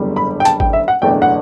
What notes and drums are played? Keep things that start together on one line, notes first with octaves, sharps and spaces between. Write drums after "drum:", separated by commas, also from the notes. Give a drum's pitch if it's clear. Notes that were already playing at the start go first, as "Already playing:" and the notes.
Already playing: F#1 E2 D3 G3
B5
G5
A5, drum: hi-hat
G5, drum: kick G#1
E5
F#5
F#1 E2 B2 A3 D4 G5
F#5